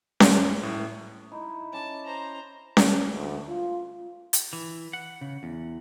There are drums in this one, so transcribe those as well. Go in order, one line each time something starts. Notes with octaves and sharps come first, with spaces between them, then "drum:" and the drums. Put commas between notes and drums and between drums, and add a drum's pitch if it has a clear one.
F#2, drum: snare C#4
A2
D#4 E4
C#4 A5 D6
C5 A#5
drum: snare C#4
D2
F4
drum: hi-hat
E3
F#5
C#3
E2